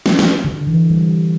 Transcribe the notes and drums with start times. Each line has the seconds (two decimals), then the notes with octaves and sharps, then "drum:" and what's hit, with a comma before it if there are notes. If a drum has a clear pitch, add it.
0.06 drum: snare
0.19 drum: snare
0.45 D3
0.67 E3
0.90 G3